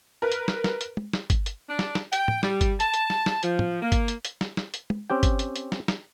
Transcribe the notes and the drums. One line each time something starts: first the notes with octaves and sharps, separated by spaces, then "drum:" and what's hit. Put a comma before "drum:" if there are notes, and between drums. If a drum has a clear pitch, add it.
A#4 B4
drum: hi-hat
drum: snare
drum: snare
drum: hi-hat
drum: tom
drum: snare
drum: kick G1, hi-hat
drum: hi-hat
D4
drum: snare
drum: snare
G5, drum: hi-hat
drum: tom
G3, drum: snare
drum: kick G1, hi-hat
A5, drum: hi-hat
drum: hi-hat
drum: snare
drum: snare
F3, drum: hi-hat
drum: tom
A#3
drum: kick G1, hi-hat
drum: hi-hat
drum: hi-hat
drum: snare
drum: snare
drum: hi-hat
drum: tom
C4 C#4 G4 G5
drum: kick G1, hi-hat
drum: hi-hat
drum: hi-hat
drum: snare
drum: snare